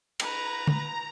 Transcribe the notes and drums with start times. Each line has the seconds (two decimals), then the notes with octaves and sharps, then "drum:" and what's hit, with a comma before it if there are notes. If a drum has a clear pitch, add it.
0.20 B4 A#5, drum: cymbal
0.67 drum: tom D3